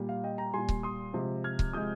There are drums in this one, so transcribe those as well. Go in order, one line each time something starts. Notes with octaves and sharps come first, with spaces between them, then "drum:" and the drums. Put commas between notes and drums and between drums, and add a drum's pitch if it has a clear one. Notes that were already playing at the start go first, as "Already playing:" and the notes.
Already playing: A#2 G3
F5
D#5 G5
G5 A#5
A#2 G3 G#5 C6
drum: kick C#1
C6 D#6
C3 F3 G#3
F6 G#6
drum: kick C#1
C3 F3 G#3 D#6 G6